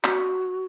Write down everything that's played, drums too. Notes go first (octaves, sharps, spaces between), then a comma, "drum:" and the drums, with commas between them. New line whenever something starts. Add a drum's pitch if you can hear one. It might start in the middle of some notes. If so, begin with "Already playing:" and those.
F#4, drum: clap